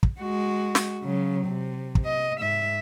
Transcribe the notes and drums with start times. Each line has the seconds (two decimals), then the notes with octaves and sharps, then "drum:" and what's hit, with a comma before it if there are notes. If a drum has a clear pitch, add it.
0.03 drum: kick
0.20 G#3 F#4
0.75 drum: snare
1.03 C#3 F#3
1.47 C3
1.95 drum: kick
2.06 D#5
2.39 G#2 E5